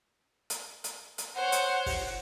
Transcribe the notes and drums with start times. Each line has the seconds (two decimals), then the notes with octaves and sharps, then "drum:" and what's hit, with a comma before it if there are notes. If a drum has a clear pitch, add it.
0.50 drum: hi-hat
0.84 drum: hi-hat
1.18 drum: hi-hat
1.35 C5 C#5 F#5
1.52 drum: hi-hat
1.86 drum: kick, open hi-hat